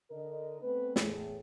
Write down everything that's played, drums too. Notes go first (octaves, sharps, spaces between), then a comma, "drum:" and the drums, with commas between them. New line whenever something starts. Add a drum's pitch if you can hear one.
D3 A#4 D#5
A3 B3 C4 B4
E2 A2 G#4, drum: snare